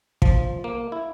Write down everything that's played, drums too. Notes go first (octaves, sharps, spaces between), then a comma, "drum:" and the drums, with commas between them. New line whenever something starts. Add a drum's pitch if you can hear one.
F3, drum: kick
A#3
E4